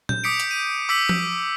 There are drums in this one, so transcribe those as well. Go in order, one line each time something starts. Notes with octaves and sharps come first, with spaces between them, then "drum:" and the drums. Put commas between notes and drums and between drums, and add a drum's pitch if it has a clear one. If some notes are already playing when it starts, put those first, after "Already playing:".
G6, drum: tom A#2
D6 D#6 B6 C#7 D7
drum: hi-hat
D#7
D6 E6 B6 C#7 F#7
drum: tom F3